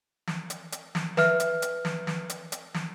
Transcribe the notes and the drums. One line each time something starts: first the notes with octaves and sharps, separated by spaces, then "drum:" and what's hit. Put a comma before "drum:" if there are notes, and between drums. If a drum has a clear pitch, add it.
drum: snare
drum: hi-hat
drum: hi-hat
drum: snare
B4 E5 F6, drum: snare
drum: hi-hat
drum: hi-hat
drum: snare
drum: snare
drum: hi-hat
drum: hi-hat
drum: snare